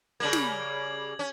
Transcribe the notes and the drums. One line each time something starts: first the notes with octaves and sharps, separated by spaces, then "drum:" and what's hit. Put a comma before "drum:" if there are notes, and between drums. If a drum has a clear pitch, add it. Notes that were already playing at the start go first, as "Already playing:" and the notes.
C#3 G3 A#3 G#6 F#7
drum: snare
C#4